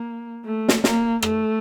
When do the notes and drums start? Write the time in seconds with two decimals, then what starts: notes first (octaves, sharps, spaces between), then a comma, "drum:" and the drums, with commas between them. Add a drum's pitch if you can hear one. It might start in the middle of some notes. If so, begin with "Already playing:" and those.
Already playing: A#3
0.45 A3
0.69 drum: snare
0.84 A#3, drum: snare
1.22 A3, drum: rim click